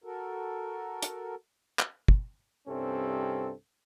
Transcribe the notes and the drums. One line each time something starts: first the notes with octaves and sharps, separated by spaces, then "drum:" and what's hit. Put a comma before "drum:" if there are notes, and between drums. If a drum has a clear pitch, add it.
F#4 A4 A#4
drum: hi-hat
drum: clap
drum: kick
C2 G2 C3 C4 C#4 A4